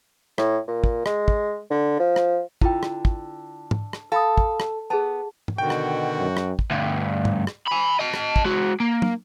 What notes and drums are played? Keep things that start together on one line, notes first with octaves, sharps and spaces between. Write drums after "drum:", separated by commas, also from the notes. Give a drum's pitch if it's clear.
A2, drum: rim click
A#2
drum: kick
G#3, drum: rim click
drum: kick
D3
F3
drum: rim click
D3 E4 F4 G5, drum: kick
drum: rim click
drum: kick
drum: tom
drum: rim click
A4 F5 B5 D#6
drum: kick
drum: rim click
B3 G#4 A5
drum: tom
B2 D3 D#3 F#4 G5
drum: rim click
F#2
drum: rim click
drum: kick
D2 G2
drum: tom
drum: rim click
G#5 B5
D#5 A5
drum: rim click
drum: kick
G#3 F#4
A#3
drum: tom